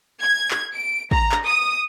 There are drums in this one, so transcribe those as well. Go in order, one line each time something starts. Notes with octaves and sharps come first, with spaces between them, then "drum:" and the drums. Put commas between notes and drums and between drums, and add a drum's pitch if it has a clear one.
G#6
drum: clap
D7
A#5, drum: kick
drum: clap
D#6